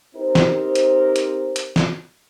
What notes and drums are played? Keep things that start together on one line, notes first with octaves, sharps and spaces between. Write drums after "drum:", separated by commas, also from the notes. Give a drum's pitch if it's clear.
C4 D#4 G4 A#4 C5
drum: snare
drum: hi-hat
drum: hi-hat
drum: hi-hat
drum: snare